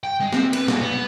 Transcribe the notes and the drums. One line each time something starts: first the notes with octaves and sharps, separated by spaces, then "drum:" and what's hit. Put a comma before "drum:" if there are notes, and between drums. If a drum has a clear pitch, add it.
G5
G#3
C4, drum: snare
B4, drum: cymbal
B1, drum: snare
B3
B3